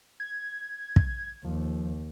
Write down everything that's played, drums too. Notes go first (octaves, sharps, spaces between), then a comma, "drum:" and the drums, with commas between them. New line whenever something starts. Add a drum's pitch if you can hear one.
G#6
drum: kick
D#2 F3